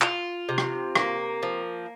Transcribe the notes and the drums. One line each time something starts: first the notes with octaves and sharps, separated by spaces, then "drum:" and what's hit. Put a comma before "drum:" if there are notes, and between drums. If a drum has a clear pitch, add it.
F4, drum: clap
C3
drum: rim click
A#3, drum: rim click
F3